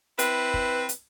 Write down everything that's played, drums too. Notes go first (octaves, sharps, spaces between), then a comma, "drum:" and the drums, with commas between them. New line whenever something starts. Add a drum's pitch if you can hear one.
C4 E4 B4, drum: hi-hat
drum: kick
drum: hi-hat